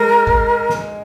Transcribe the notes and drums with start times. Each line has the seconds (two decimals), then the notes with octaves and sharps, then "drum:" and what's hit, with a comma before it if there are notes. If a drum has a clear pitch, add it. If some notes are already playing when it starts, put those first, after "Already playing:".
Already playing: G#3 A#4
0.27 drum: kick
0.69 drum: snare